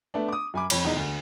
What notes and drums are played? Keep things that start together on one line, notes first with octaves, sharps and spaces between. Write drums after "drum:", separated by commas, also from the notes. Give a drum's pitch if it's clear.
A3 B3 D4
D6 D#6
F#2 G#5 B5 D6
F2 C#5 B5, drum: cymbal
E1 E2 D#4 D#5
D2